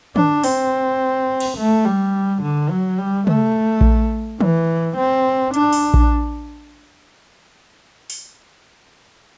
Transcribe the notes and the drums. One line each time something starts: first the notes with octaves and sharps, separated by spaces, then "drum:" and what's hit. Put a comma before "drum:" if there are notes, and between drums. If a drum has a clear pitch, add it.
D4, drum: tom
C4, drum: open hi-hat
drum: cymbal
A3
G3
D3
F#3
G3
A3, drum: tom
drum: kick A#1
E3, drum: tom
C4
D4, drum: hi-hat
drum: open hi-hat
drum: kick A#1
drum: open hi-hat